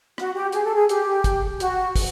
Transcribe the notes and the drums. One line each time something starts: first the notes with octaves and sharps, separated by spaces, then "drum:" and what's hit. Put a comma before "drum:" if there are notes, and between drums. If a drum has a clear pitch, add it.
F#4, drum: rim click
G4
G#4, drum: hi-hat
A4
G#4
G4, drum: hi-hat
drum: kick, hi-hat
F#4, drum: hi-hat
drum: kick, open hi-hat